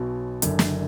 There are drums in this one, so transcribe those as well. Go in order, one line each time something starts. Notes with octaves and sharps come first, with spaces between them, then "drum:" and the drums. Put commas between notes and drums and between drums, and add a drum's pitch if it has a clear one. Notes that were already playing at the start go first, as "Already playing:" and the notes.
Already playing: B1 B2 F#3
F#1 F#2 D3, drum: hi-hat
drum: snare